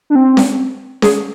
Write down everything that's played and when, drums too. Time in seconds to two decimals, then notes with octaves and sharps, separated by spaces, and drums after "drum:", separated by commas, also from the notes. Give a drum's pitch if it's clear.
0.10 D4
0.15 C4
0.37 drum: snare C#4
1.02 G#4, drum: snare C#4